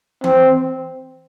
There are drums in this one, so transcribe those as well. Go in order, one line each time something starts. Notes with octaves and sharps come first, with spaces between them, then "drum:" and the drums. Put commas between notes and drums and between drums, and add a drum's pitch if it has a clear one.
C4, drum: tom E3